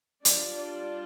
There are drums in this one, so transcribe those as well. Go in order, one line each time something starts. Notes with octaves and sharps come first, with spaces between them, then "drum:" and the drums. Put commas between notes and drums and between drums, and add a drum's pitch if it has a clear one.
G3 D4 F4 D5, drum: hi-hat
D5